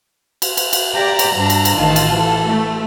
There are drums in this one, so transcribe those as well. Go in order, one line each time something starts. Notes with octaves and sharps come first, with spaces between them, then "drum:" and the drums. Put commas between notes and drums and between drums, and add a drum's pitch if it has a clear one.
drum: cymbal
drum: cymbal
drum: cymbal
G4 D5 A#5
drum: cymbal
G2 D4
drum: cymbal
drum: cymbal
A1 D#3 F4 A5
drum: cymbal
E3 A4
A3